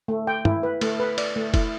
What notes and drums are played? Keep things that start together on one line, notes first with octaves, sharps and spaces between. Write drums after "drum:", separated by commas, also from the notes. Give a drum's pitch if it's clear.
A3
G5
E4, drum: tom
B4
A3, drum: cymbal
B4
D5, drum: cymbal
A3
E4, drum: kick, cymbal